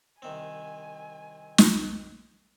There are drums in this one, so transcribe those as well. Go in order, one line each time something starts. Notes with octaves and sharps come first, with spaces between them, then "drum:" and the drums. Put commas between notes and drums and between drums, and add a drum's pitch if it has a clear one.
C2 D#3 C4 G#5
drum: snare